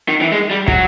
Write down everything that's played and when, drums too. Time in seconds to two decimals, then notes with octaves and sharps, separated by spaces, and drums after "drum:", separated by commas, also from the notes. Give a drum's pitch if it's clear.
0.08 D#3
0.21 E3
0.32 G#3
0.51 G3
0.68 F#3, drum: kick